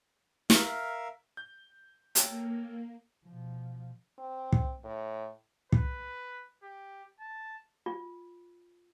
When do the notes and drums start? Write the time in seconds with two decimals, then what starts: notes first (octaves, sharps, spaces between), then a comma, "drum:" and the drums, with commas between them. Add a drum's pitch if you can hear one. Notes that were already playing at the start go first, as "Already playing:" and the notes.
0.50 A#4 E5 F5, drum: snare
1.37 G6
2.15 A#3 A4 C#5 G5, drum: hi-hat
3.26 B2 F3
4.18 C4
4.52 drum: kick
4.84 A2
5.72 B4, drum: kick
6.63 G4
7.21 A5
7.86 F4